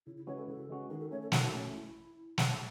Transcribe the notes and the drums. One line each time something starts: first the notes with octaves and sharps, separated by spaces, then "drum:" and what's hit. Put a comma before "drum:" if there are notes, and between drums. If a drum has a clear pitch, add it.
C#3 E4
E4
E3 G#3 C#4 F#4 C#5
A4
C#3 A4
E3 G#3 C#4 F#4
D#3 G#4
A4
A3 C#4 C#5
A4
D#3 F#4, drum: snare
A3 C#4
E4
drum: snare